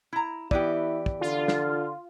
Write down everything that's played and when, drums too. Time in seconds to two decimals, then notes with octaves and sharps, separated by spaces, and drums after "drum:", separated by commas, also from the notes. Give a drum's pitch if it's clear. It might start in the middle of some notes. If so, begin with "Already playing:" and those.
0.13 E4 A#5
0.51 E3 B3 E4 G4 D5, drum: kick
1.06 drum: kick
1.21 D3 F4
1.48 drum: snare